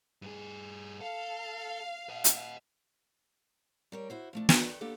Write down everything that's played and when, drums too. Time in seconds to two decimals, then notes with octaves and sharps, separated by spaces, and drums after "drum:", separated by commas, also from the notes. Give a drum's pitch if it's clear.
0.22 G2 G#4
1.01 A4 F5
2.10 D#5 F#5
2.24 drum: hi-hat
3.92 G3 A#4 C#5
4.10 E4 F#4 C5
4.33 F3 A3 D4
4.49 A5, drum: snare
4.62 A4 B4 D5 G5
4.81 A#3 B3 D4 G4 A4